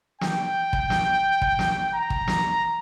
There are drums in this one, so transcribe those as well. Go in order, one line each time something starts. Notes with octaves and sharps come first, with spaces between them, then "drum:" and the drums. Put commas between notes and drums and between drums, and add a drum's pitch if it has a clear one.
G5, drum: snare
drum: kick
drum: snare
drum: kick
drum: snare
A#5
drum: kick
drum: snare